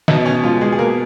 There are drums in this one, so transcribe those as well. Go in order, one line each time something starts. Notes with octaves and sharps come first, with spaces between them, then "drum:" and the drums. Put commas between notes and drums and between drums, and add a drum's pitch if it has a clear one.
B2 D#4, drum: snare
C#4
F3 G#3 F4
G#3 G#4
G#4
B2 A#3 A#4